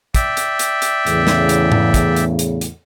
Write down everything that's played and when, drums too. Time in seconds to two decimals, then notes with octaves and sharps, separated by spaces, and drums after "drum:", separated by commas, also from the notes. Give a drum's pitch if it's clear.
0.14 D5 E5 G5, drum: kick, hi-hat
0.37 drum: hi-hat
0.59 drum: hi-hat
0.82 drum: hi-hat
1.07 E2 A2 C#3, drum: hi-hat
1.27 drum: snare
1.49 drum: hi-hat
1.72 drum: tom G#2
1.94 drum: kick, hi-hat
2.16 drum: hi-hat
2.39 drum: hi-hat
2.61 drum: hi-hat